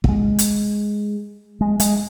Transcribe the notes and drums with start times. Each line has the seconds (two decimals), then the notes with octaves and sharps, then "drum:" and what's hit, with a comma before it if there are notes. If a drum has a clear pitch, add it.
0.04 A#3, drum: kick
0.08 G#3
0.39 drum: hi-hat
1.61 G#3
1.80 G#3, drum: hi-hat